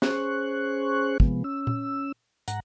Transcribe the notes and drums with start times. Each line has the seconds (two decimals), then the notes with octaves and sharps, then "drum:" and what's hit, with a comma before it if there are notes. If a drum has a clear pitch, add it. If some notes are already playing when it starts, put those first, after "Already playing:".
0.02 C#4 G#4 C5 C#6 F#6, drum: snare
1.20 C3 F3 G#3 B3, drum: kick
1.44 C#4 E6
1.67 drum: tom A#2
2.48 G#2 F#5 A#5, drum: hi-hat